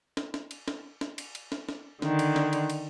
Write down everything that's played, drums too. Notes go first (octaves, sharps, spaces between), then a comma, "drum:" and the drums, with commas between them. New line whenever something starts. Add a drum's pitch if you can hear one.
drum: snare
drum: snare
drum: cymbal
drum: snare
drum: snare
drum: cymbal
drum: cymbal
drum: snare
drum: snare
D3 D#3, drum: snare
drum: cymbal
drum: snare
drum: cymbal
drum: cymbal